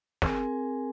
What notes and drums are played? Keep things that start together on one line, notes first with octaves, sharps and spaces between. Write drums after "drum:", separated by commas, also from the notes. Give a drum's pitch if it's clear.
C4 G#4 A#4 G#5, drum: snare